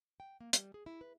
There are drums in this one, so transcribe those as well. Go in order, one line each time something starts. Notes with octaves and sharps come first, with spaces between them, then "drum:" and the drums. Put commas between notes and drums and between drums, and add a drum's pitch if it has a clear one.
G5
A#3
G3, drum: hi-hat
G#4
E4
B4